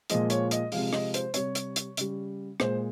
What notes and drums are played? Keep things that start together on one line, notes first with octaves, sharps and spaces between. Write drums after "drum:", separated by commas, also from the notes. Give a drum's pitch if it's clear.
A#2 F3 G#3 D#5, drum: hi-hat
C#5, drum: hi-hat
D#5, drum: hi-hat
C3 F3 G#3 F5, drum: open hi-hat
D#5, drum: rim click
C5, drum: hi-hat
C3 G3 C#5, drum: hi-hat
drum: hi-hat
drum: hi-hat
C#3 G3, drum: hi-hat
A#2 G#3 C5, drum: rim click